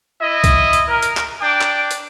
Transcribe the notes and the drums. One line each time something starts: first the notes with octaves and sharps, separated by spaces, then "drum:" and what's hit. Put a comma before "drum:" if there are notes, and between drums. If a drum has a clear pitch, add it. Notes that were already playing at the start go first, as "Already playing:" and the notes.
E4 D#5
drum: kick C2, hi-hat
drum: hi-hat
A#4
drum: hi-hat
drum: clap
D4 G5 D6
drum: clap
drum: hi-hat